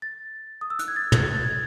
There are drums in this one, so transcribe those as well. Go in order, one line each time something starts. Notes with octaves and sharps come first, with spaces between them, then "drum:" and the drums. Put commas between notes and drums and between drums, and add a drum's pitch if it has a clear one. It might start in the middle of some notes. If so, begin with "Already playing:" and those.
A6
D#6
E6
F#6, drum: hi-hat
G#6
A6
drum: tom
A6
G#6